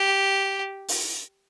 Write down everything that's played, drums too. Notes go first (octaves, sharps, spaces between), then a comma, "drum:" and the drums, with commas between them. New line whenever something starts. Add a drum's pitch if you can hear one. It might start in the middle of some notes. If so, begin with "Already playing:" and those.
Already playing: G4
drum: open hi-hat